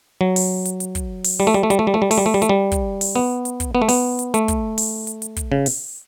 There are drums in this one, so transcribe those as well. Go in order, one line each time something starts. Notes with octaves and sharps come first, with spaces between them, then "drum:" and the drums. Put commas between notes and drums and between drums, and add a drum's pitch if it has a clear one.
F#3
drum: open hi-hat
drum: hi-hat
drum: hi-hat
drum: kick, hi-hat
drum: open hi-hat
G3
A3
G3
A3
G3, drum: hi-hat
A3
G3
A3
G3
A3, drum: open hi-hat
G3
A3
G3
A3, drum: hi-hat
G3
drum: kick, hi-hat
drum: open hi-hat
B3
drum: hi-hat
drum: kick, hi-hat
B3
A3
B3, drum: open hi-hat
drum: hi-hat
A3, drum: hi-hat
drum: kick, hi-hat
drum: open hi-hat
drum: hi-hat
drum: hi-hat
drum: kick, hi-hat
C#3
drum: open hi-hat